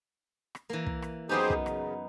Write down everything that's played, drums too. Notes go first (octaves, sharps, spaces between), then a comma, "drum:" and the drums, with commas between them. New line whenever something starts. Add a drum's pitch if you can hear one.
drum: rim click
E3 A#3
drum: kick
drum: rim click
F#2 B3 D#4 G4 G#4 C5
drum: kick
C#3, drum: rim click